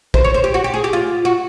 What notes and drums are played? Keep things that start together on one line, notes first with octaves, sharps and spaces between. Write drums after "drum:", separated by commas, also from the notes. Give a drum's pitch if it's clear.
C5, drum: kick
C#5
C5
G4
F#4
G4
G#4
G4
F4
F#4